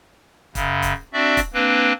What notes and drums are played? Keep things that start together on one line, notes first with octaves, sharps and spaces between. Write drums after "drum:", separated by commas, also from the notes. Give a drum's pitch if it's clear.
F#2 C#3, drum: kick, hi-hat
drum: kick, hi-hat
C4 D4 F#4 D5 E5
drum: kick, hi-hat
A#3 C4 D4 B4